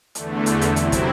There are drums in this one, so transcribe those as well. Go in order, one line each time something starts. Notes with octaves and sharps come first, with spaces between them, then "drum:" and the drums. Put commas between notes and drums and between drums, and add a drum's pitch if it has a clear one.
E2 D3 A3, drum: hi-hat
drum: hi-hat
drum: hi-hat
C3 F#3 C4 E4, drum: hi-hat
drum: kick, hi-hat